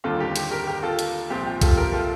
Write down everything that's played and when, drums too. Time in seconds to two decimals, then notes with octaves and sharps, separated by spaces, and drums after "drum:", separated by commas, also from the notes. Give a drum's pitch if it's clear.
0.04 D#2 D3 G3 C4 F4 A4
0.20 G4
0.36 drum: hi-hat
0.51 G4 A#4
0.67 G4 A#4
0.83 F4 A4
0.99 drum: hi-hat
1.30 C2 A#2 F3 C4 G4
1.46 G4
1.61 F4 A4, drum: kick B1, hi-hat
1.77 G4 A#4
1.93 F4 A4